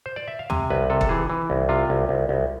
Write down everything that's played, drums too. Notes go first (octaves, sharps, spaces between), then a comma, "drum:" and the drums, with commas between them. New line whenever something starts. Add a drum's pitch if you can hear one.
C5
D5
E5
F5
C3 G#5, drum: tom
C2 B4
C3 A4
A4, drum: kick
E3 G#4
E3
C2
C3 F4
C2
C2
C2